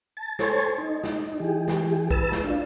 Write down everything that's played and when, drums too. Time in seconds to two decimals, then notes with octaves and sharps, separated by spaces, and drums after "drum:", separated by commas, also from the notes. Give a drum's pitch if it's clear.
0.17 A5
0.39 A4 C5 C#5 G#5 A5, drum: snare
0.61 drum: tambourine
0.78 D#4
1.04 drum: snare
1.25 drum: tambourine
1.40 E3 G4 G#4
1.68 drum: snare
1.89 drum: tambourine
2.10 B4 A5 E6, drum: kick, tambourine
2.32 drum: snare
2.44 D4 F4